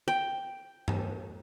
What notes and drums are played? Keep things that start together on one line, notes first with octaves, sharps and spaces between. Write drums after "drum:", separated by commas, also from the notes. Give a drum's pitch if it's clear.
G5
drum: tom G2